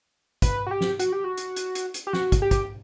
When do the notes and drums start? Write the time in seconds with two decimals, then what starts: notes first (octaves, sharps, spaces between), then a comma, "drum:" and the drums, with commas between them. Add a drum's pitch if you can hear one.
0.42 B4, drum: kick, hi-hat
0.67 F#4
0.71 G4
0.81 drum: snare
1.00 F#4, drum: hi-hat
1.12 G4
1.24 F#4
1.38 drum: hi-hat
1.56 drum: hi-hat
1.75 drum: hi-hat
1.94 drum: hi-hat
2.07 G4
2.13 F#4, drum: snare
2.32 drum: kick, hi-hat
2.42 G4
2.51 drum: kick, hi-hat